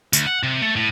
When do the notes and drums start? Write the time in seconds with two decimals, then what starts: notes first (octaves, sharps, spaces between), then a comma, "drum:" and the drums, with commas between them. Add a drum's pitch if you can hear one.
0.13 D2, drum: tambourine
0.27 F#5
0.43 C3
0.62 A3
0.76 A2